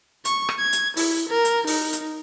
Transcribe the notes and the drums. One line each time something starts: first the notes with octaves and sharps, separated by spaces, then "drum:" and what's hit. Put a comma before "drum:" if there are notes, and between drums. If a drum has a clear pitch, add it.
C#6, drum: hi-hat
drum: rim click
G#6
drum: hi-hat
E4, drum: open hi-hat
A#4
drum: hi-hat
D#4, drum: open hi-hat
drum: hi-hat